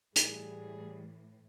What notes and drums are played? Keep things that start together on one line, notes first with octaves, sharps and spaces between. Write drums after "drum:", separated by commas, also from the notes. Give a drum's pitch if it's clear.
A2 E3 G3 G#4, drum: hi-hat